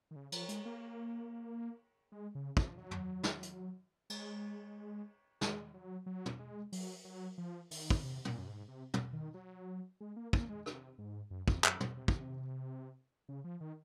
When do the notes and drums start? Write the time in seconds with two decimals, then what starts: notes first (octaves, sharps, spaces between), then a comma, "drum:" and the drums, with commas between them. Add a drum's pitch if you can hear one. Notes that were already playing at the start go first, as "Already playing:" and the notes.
0.11 D#3
0.16 C#3
0.32 F3, drum: cymbal
0.49 G#3, drum: hi-hat
0.65 A#3
2.12 G#3
2.35 C#3
2.57 F3, drum: kick
2.78 F#3
2.91 drum: tom
3.23 drum: snare
3.43 drum: hi-hat
4.10 G#3, drum: cymbal
5.41 G#3, drum: snare
5.74 F#3
6.06 F#3
6.26 drum: tom
6.39 G#3
6.72 F#3, drum: open hi-hat
7.05 F#3
7.38 F3
7.71 D#3, drum: open hi-hat
7.90 drum: kick
8.03 C3
8.25 A#2, drum: tom
8.39 F#2
8.47 G#2
8.68 C3
8.94 drum: tom
9.13 D#3
9.34 F#3
10.01 G#3
10.16 A#3
10.33 A#3, drum: kick
10.49 G#3
10.66 C3, drum: rim click
10.98 G#2
11.31 F#2
11.48 F2, drum: kick
11.64 F#2, drum: clap
11.80 G#2, drum: tom
11.97 C3
12.08 drum: kick
13.29 C#3
13.44 F3
13.61 D#3